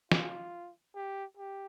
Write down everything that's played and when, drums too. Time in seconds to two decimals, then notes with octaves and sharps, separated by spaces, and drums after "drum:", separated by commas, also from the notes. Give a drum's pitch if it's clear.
0.12 F4, drum: snare
0.95 G4
1.37 G4